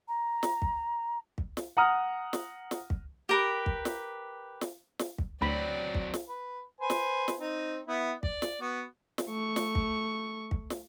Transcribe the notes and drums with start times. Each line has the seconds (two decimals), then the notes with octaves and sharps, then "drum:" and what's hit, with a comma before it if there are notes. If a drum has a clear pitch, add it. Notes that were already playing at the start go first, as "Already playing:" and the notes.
0.08 A#5
0.43 drum: snare
0.62 drum: kick
1.38 drum: kick
1.57 drum: snare
1.77 F#5 A#5 D#6 F6
2.33 drum: snare
2.71 drum: snare
2.90 drum: kick
3.29 G4 A#4 B4
3.66 drum: kick
3.85 drum: snare
4.61 drum: snare
4.99 drum: snare
5.18 drum: kick
5.42 D2 F#3 C4 D5 B5
5.95 drum: kick
6.14 drum: snare
6.29 B4
6.81 B4 C5 G#5
6.90 drum: snare
7.28 drum: snare
7.40 C4 D#4
7.88 B3 E4
8.23 D5, drum: kick
8.42 drum: snare
8.61 B3 F#4
9.18 drum: snare
9.28 A3 C#6
9.56 drum: snare
9.75 drum: kick
10.51 drum: kick
10.70 drum: snare